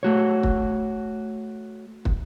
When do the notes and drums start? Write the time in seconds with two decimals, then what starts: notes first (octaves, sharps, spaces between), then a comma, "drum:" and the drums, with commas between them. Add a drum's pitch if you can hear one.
0.03 A3 F#4 C#5
0.43 drum: kick
2.05 drum: kick